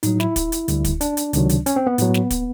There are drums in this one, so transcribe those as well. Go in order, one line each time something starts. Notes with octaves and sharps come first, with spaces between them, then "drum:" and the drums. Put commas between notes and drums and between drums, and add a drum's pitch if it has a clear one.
A2 F#3 D#4, drum: hi-hat
E4, drum: snare
drum: kick, hi-hat
drum: hi-hat
D2 D3 G3, drum: hi-hat
drum: kick, hi-hat
D4, drum: hi-hat
drum: hi-hat
C#2 C3 D#3 F#3, drum: hi-hat
drum: hi-hat
C#4, drum: hi-hat
C4
B3
A2 F#3, drum: hi-hat
drum: snare
drum: kick, hi-hat